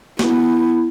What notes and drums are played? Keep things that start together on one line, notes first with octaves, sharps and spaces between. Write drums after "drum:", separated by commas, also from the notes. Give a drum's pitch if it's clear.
B3 E4, drum: snare